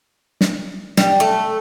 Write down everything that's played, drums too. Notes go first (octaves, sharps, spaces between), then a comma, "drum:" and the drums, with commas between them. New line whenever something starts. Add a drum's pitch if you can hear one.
drum: snare
G3, drum: snare
A3